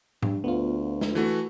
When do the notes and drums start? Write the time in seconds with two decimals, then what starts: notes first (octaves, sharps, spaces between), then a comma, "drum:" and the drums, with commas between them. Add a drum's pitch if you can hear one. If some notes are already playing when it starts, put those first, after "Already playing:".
0.23 G2, drum: tom G#2
0.44 D2 B3 F4
1.01 drum: snare
1.15 E3 A3 F#4